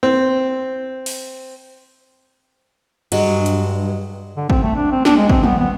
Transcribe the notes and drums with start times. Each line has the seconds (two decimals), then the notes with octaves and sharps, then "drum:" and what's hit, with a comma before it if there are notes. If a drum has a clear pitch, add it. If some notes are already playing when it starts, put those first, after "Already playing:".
0.03 C4
1.06 drum: open hi-hat
3.12 G2 F#3 G#3, drum: cymbal
3.46 drum: hi-hat
4.37 D3
4.50 C4, drum: kick G#1
4.63 A3
4.76 D4
4.92 C4
5.05 D4, drum: snare
5.17 G#3
5.29 C4, drum: kick G#1
5.44 B3, drum: tom
5.59 B3